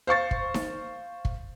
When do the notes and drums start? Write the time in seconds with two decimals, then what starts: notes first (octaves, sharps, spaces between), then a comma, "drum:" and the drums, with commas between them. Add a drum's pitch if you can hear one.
0.07 C5 F5 C#6 A6
0.31 drum: kick
0.54 drum: snare D#4
1.25 drum: kick